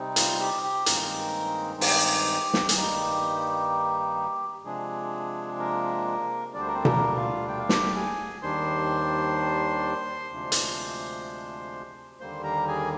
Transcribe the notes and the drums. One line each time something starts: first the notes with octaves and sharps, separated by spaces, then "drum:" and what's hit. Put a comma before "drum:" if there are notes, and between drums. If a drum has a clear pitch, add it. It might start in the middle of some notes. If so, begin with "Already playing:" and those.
Already playing: C3 G3 C4 D#4
F4, drum: hi-hat
G4
G4
G2 D#3 G#3 A#3 C4 D#4 A#4, drum: hi-hat
G4, drum: open hi-hat
drum: snare
G#4, drum: hi-hat
G2 D#3 G3 A#3 D#4 G4
C3 F3 G#3 D4 G#4
A#3 A#4
D2 D3 G3 D4 D5
C5
A#4
C4 C5
A#3 A#4, drum: tom B2
F4 F5
G5
F5
G4 G5, drum: snare
G#4 G#5
D#2 D#3 G3 D4 C5 C6
D2 C3 F3 G#3 D4
drum: hi-hat
D#2 D3 G3 A#3 C5 C6
A#4 A#5
G#4 G#5